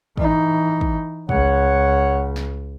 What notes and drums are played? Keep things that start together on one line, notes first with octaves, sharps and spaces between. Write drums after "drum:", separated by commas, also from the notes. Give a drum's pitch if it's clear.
E3 D#4, drum: kick
drum: kick
C#2 C#5 F#5, drum: kick
drum: snare